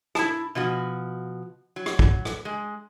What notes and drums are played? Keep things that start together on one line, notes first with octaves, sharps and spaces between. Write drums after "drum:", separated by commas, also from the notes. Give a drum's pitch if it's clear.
E4 A5, drum: rim click
B2 F3 F#4
F#3
drum: rim click
drum: kick
drum: rim click
G#3